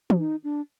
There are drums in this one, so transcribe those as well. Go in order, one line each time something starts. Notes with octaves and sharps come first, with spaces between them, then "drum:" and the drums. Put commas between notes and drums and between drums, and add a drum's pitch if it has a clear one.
F#4, drum: tom
D#4
D4